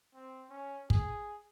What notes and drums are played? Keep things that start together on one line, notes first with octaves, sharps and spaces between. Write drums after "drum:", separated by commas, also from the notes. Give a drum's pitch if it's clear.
C4
C#4
G#4, drum: kick